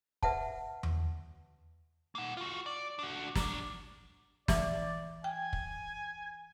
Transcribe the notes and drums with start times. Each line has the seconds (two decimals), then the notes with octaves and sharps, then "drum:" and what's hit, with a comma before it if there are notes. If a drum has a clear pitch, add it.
0.23 B4 E5 F#5 A5, drum: kick
0.83 drum: tom E2
2.15 A#3 F#5
2.37 F4 F#4
2.66 D5
2.99 D4 F#4
3.35 F#3 D4, drum: snare
4.48 E3 D5 D6, drum: snare
5.24 G5 G#5
5.53 drum: kick